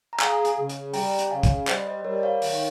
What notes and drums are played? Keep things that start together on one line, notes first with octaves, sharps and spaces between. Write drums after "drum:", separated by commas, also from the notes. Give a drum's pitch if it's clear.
A#5
G#4 F5 G#5, drum: clap
drum: hi-hat
C#3
drum: hi-hat
G3 G5 A#5, drum: open hi-hat
drum: hi-hat
C#3 F5 G#5
drum: kick, hi-hat
G3 C5 D#5, drum: clap
C5 D#5
G3 A#4 C#5
C#5 F5
D#3, drum: open hi-hat